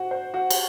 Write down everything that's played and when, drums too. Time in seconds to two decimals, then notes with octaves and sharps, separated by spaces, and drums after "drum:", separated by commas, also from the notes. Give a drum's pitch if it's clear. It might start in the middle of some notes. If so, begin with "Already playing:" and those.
Already playing: F#4 C5
0.11 C5
0.34 F#4
0.50 drum: cymbal